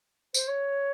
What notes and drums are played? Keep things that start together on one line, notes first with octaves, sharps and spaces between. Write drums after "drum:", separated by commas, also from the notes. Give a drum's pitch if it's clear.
C5, drum: tambourine
C#5